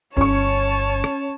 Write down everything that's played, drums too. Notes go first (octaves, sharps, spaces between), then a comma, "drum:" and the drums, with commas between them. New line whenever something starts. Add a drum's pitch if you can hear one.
G1 C#4 C#5 A5 C#6, drum: kick
drum: rim click